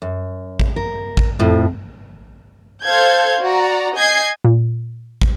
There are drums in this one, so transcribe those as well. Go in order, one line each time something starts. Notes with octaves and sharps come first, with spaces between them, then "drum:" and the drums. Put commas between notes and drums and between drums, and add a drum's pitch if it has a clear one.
F#2
drum: kick
A#4
drum: kick
F2 A2 F3
A4 C5 F5 G6 G#6
F#4 D5 A#5
D#5 G#5 G6 G#6 C7
A#2
drum: kick